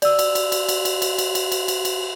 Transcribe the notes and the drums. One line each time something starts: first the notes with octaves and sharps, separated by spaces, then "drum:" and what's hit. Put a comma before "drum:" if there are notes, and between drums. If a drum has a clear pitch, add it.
D5 E6, drum: cymbal
drum: cymbal
drum: cymbal
drum: cymbal
drum: cymbal
drum: cymbal
drum: cymbal
drum: cymbal
drum: cymbal
drum: cymbal
drum: cymbal
drum: cymbal